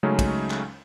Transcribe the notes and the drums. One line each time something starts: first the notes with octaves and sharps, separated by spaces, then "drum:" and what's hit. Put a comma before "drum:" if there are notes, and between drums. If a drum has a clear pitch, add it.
C#3 F#3 G#3 A3 C#4 D#4
drum: kick, cymbal
drum: clap